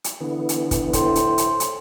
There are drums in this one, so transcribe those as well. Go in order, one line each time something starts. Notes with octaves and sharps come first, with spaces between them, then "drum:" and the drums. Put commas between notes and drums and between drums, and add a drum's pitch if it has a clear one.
drum: hi-hat
D3 E3 B3
drum: hi-hat
drum: kick, hi-hat
A2 C5, drum: kick, hi-hat
drum: hi-hat
drum: hi-hat
drum: hi-hat